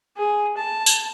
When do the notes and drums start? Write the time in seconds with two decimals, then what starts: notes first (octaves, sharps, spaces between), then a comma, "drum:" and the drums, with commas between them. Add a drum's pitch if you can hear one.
0.17 G#4
0.57 A5
0.86 drum: tambourine